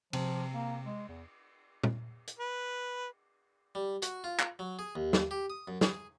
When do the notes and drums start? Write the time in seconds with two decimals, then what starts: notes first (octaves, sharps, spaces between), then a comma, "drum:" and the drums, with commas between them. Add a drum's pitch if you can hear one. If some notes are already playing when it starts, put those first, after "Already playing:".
0.13 C3 F3, drum: cymbal
0.53 A#3
0.85 G#3
1.08 E2
1.84 drum: tom A#2
2.27 drum: hi-hat
2.39 B4
3.75 G3
4.02 F#4, drum: hi-hat
4.24 F4
4.40 drum: clap
4.59 F#3
4.79 G#4
4.95 D#2
5.13 drum: snare
5.31 G4
5.50 D#6
5.68 F#2
5.81 G#4, drum: snare